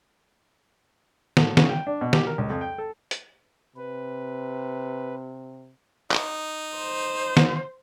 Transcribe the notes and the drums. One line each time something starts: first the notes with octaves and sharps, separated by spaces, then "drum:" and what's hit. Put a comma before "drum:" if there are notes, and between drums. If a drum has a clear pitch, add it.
A2, drum: snare
C#3, drum: snare
G5
D4
B2
G4, drum: snare
A#4
C#2
F2
G5
A4
drum: hi-hat
C3 B4
D#4, drum: clap
C5
drum: snare